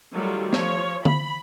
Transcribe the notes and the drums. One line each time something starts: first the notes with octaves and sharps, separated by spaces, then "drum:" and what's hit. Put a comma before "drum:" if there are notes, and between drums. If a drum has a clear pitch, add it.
D#3 F#3 G3 A3 F4
F3 C#5, drum: snare
B5, drum: tom D3